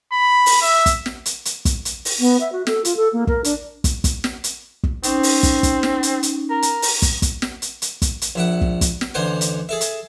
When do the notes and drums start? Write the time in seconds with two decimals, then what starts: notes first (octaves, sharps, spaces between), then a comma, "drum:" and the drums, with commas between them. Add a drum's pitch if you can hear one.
0.12 B5
0.46 drum: open hi-hat
0.62 E5
0.86 drum: kick, hi-hat
1.06 drum: snare
1.26 drum: hi-hat
1.45 drum: hi-hat
1.65 drum: kick, hi-hat
1.85 drum: hi-hat
2.05 drum: open hi-hat
2.20 B3
2.40 E5
2.52 F#4
2.67 A4, drum: snare
2.85 F4, drum: hi-hat
2.97 A4
3.13 A#3
3.27 A#4, drum: kick
3.44 D4, drum: hi-hat
3.84 drum: kick, hi-hat
4.04 drum: kick, hi-hat
4.24 drum: snare
4.44 drum: hi-hat
4.83 drum: kick
5.03 C4 C#4 D#4, drum: hi-hat
5.23 drum: open hi-hat
5.43 drum: kick, hi-hat
5.63 drum: kick, hi-hat
5.83 drum: snare
6.03 drum: hi-hat
6.23 drum: hi-hat
6.50 A#4
6.62 drum: hi-hat
6.82 drum: open hi-hat
7.02 drum: kick, hi-hat
7.22 drum: kick, hi-hat
7.42 drum: snare
7.62 drum: hi-hat
7.82 drum: hi-hat
8.02 drum: kick, hi-hat
8.22 drum: hi-hat
8.35 A#1 E5 F#5
8.61 drum: kick
8.81 drum: kick, hi-hat
9.01 drum: snare
9.14 A1 D2 C5 F#5 G#5
9.41 drum: hi-hat
9.69 G#4 A4 E5
9.81 drum: hi-hat